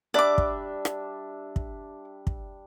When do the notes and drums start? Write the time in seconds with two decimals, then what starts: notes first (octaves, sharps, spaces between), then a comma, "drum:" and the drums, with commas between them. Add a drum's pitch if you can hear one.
0.14 G3 D4 D5 E5 D6
0.38 drum: kick
0.85 drum: rim click
1.56 drum: kick
2.27 drum: kick